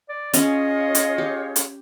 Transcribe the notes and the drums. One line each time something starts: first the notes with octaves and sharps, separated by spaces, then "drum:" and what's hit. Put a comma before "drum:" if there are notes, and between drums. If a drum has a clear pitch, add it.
D5
C#4 F4 G#4 C#5 D#5, drum: hi-hat
drum: hi-hat
G4
drum: hi-hat